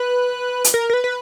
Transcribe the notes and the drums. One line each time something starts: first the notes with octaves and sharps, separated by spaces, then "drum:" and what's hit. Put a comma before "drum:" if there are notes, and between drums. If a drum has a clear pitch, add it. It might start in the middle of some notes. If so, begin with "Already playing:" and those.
Already playing: B4
drum: hi-hat
A#4
A#4
B4
B4